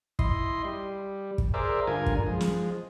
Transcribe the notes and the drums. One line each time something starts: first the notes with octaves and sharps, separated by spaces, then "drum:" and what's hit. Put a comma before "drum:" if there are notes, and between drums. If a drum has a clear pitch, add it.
E4 D#5 C6, drum: kick
G3
drum: kick
G#4 A#4 C5 D5 E5
G2 D3 F4 A#4 G#5
drum: kick
F3 G#3
drum: snare